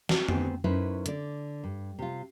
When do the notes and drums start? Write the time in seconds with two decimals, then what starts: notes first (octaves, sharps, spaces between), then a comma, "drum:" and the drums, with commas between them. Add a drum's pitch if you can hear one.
0.09 F#4, drum: snare
0.29 D2 B3 C4 G#5, drum: tom F2
0.64 F#2 C#4 D#4 E4 B4 C5
1.06 D3 D5, drum: hi-hat
1.64 G2
1.99 C3 F4